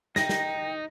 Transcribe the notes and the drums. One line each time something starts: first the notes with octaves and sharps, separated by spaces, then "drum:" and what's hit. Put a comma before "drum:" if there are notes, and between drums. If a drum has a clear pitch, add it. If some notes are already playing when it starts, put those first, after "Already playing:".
D#4 G5 A#6, drum: snare
drum: snare